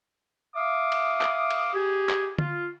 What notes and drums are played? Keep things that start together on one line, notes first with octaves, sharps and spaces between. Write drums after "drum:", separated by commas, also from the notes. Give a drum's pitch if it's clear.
E5 F5 D6 D#6
drum: cymbal
drum: clap
drum: cymbal
G4 G#4
drum: clap
F4, drum: tom D3